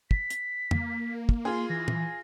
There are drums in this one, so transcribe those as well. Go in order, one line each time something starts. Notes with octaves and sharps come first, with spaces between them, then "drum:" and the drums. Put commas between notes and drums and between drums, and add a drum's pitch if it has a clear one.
B6, drum: kick
drum: hi-hat
A#3, drum: tom
drum: kick
F4 G#4 C6
E3 A#6
drum: tom